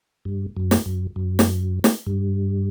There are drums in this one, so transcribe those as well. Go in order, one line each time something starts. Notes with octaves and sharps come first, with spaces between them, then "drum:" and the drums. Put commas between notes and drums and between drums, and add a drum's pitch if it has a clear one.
G2
F#2
drum: snare
F#2
F#2
drum: snare
drum: snare
G2